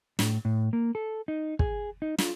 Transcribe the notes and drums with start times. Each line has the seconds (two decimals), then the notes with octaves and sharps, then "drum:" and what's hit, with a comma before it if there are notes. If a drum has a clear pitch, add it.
0.19 A2, drum: snare
0.45 A2
0.73 A#3
0.95 A4
1.28 D#4
1.59 G#4, drum: kick
2.02 D#4
2.18 F4, drum: snare